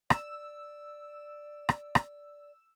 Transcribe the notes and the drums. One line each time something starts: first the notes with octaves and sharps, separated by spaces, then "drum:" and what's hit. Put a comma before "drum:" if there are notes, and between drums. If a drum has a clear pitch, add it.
D5 E6, drum: rim click
drum: rim click
drum: rim click